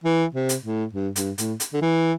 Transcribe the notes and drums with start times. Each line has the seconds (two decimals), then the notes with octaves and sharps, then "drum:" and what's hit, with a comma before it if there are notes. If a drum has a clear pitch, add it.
0.04 E3
0.34 C3
0.49 drum: hi-hat
0.64 A2
0.93 G2
1.16 G2, drum: hi-hat
1.38 A2, drum: hi-hat
1.60 drum: hi-hat
1.74 D3
1.82 E3